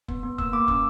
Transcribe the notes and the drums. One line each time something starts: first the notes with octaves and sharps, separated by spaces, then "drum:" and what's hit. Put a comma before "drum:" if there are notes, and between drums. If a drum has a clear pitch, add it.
B3, drum: kick
B3
A#3 E6, drum: kick
A#3 D6
C#4 E6, drum: kick